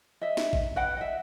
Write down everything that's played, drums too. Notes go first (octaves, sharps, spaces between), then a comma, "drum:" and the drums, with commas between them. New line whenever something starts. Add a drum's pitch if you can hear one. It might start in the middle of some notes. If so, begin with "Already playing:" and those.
D#5 E5
drum: snare
drum: kick
B4 D#5 F#5 G5
D#5 E5